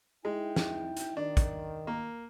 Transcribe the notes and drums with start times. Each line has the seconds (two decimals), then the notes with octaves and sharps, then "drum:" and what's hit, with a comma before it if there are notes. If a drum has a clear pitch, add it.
0.25 G#3 D#4 E4 G5
0.56 drum: snare
0.97 drum: hi-hat
1.17 D#3 D4
1.37 drum: kick, hi-hat
1.87 A#3